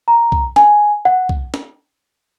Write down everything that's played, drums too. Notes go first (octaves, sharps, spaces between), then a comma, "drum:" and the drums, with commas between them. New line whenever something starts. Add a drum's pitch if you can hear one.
A#5
drum: kick
G#5, drum: snare
F#5
drum: kick
drum: snare